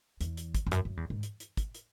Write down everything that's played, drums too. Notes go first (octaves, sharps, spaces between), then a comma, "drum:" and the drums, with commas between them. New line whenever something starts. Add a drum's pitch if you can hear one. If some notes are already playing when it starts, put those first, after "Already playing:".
E2, drum: hi-hat
drum: hi-hat
drum: kick, hi-hat
E2
F#2, drum: hi-hat
F#2
E2
G#2
drum: hi-hat
drum: hi-hat
drum: kick, hi-hat
drum: hi-hat